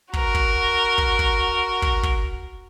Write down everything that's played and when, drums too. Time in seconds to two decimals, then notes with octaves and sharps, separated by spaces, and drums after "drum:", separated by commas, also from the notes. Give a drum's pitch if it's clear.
0.13 F#4 A#4, drum: kick
0.35 drum: kick
0.98 drum: kick
1.19 drum: kick
1.82 drum: kick
2.03 drum: kick